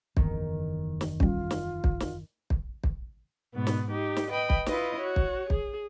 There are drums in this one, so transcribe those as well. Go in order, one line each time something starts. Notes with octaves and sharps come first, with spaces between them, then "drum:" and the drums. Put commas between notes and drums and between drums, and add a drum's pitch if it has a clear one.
F#1 E2 D#3, drum: kick
drum: snare
G3 C#4 F4, drum: kick
drum: snare
drum: kick
drum: snare
drum: kick
drum: kick
G#2 B2 B3
drum: snare
D#4 G4
drum: snare
B4 D#5 G5 B5
drum: kick
E4 F4 B4 D#5, drum: snare
F#4 C#5
drum: kick
G#4, drum: kick